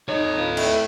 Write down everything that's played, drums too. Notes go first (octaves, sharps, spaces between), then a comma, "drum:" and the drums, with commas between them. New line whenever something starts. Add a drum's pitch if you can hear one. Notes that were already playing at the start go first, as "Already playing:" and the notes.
D#4 A4 C#5 D#5
F4 B4
A3 E4, drum: cymbal